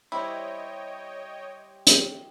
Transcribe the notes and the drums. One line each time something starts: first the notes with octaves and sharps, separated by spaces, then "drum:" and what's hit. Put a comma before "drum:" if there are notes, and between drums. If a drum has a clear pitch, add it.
G3 C4 E4 C#5 D#5 G5
drum: hi-hat